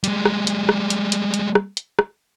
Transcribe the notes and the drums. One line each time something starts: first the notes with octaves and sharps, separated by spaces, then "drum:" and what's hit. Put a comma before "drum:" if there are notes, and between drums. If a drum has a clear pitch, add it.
G3 G#3, drum: hi-hat
drum: rim click
drum: hi-hat
drum: rim click
drum: hi-hat
drum: hi-hat
drum: hi-hat
drum: rim click
drum: hi-hat
drum: rim click